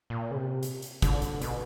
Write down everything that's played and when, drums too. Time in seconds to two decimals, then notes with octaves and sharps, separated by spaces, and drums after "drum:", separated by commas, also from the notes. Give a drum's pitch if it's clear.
0.10 A#2
0.31 C#3
0.37 C3
0.63 drum: hi-hat
0.82 drum: hi-hat
1.02 D3, drum: kick, hi-hat
1.22 drum: hi-hat
1.42 B2, drum: hi-hat